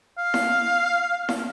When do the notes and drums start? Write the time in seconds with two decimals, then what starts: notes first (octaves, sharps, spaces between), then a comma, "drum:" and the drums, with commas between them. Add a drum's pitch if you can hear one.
0.18 F5
0.34 drum: snare E4
1.29 drum: snare E4